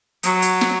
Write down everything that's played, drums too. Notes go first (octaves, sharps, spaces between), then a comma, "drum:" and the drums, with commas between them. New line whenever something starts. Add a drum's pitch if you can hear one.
F#3, drum: hi-hat
drum: hi-hat
drum: snare